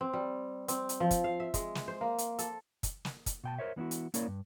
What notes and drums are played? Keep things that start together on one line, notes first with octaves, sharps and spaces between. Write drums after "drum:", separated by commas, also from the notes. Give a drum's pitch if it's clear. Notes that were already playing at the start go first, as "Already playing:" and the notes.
C4
G3
C4, drum: hi-hat
drum: hi-hat
F3
drum: kick, hi-hat
F5
E5
G#3, drum: kick, hi-hat
drum: snare
C5
A#3
drum: hi-hat
A4, drum: hi-hat
drum: kick, hi-hat
drum: snare
drum: kick, hi-hat
B2 G5 A5
A#4 C5 C#5 E5
E3 B3 C#4 E4 F#4
drum: hi-hat
A#3 C#4 E4 A#4 C#5 D5, drum: hi-hat
G2